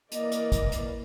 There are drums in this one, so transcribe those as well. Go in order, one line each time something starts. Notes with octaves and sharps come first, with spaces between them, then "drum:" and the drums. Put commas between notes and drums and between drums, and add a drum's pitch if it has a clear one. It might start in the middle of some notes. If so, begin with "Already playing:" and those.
E3 A#3 D5 D#5, drum: hi-hat
drum: hi-hat
drum: kick, hi-hat
drum: hi-hat